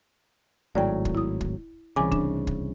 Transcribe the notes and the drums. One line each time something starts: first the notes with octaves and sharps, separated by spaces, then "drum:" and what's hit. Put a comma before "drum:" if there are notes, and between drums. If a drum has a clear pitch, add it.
G#1 A2 F#3 D5 G5
drum: kick
E4 D#6
drum: kick
C2 C#3 E3 G#5 D6
D4, drum: kick
drum: kick